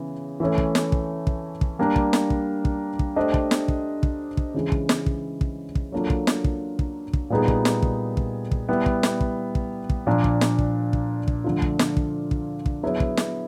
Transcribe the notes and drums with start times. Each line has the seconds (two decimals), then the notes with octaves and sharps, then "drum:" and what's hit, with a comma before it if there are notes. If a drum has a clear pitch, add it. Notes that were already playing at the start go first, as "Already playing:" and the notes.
Already playing: C#3 E3 B3
0.40 E3 A3 C#4
0.58 drum: kick
0.75 drum: snare
0.92 drum: kick
1.27 drum: kick
1.61 drum: kick
1.79 G3 A#3 D4
1.96 drum: kick
2.13 drum: snare
2.30 drum: kick
2.65 drum: kick
2.99 drum: kick
3.16 A3 D4 G4 C5 D#5
3.34 drum: kick
3.51 drum: snare
3.68 drum: kick
4.03 drum: kick
4.37 drum: kick
4.54 C#3 E3 G#3
4.72 drum: kick
4.89 drum: snare
5.06 drum: kick
5.41 drum: kick
5.75 drum: kick
5.92 F#3 A#3 D4 F4 A4
6.10 drum: kick
6.27 drum: snare
6.44 drum: kick
6.79 drum: kick
7.13 drum: kick
7.30 A#2 G3 B3 D#4 G#4
7.48 drum: kick
7.65 drum: snare
7.82 drum: kick
8.17 drum: kick
8.51 drum: kick
8.69 G3 B3 E4
8.86 drum: kick
9.03 drum: snare
9.20 drum: kick
9.55 drum: kick
9.90 drum: kick
10.07 A#2 F3 A#3 D4
10.24 drum: kick
10.41 drum: snare
10.59 drum: kick
10.93 drum: kick
11.28 drum: kick
11.44 D3 F3 A3 D4 F4
11.62 drum: kick
11.79 drum: snare
11.97 drum: kick
12.31 drum: kick
12.66 drum: kick
12.83 F#3 B3 E4 G#4 C#5
13.00 drum: kick
13.17 drum: snare